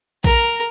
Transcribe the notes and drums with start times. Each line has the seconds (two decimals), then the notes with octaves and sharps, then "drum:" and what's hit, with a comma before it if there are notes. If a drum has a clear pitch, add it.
0.24 A#4, drum: kick A#1